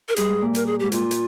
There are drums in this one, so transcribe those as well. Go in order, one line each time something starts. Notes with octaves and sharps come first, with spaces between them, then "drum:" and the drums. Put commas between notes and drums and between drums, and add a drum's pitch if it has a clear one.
A#4
G2 G#4, drum: hi-hat
G#2
A#2
A#4, drum: hi-hat
G#4
G#2 G4
A#2 F4, drum: hi-hat
drum: hi-hat